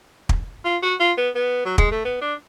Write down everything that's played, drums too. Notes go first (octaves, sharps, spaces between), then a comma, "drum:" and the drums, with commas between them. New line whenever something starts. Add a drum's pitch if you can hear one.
drum: kick
F4
F#4
F4
B3
B3
F#3
G#3, drum: kick
A3
B3
D4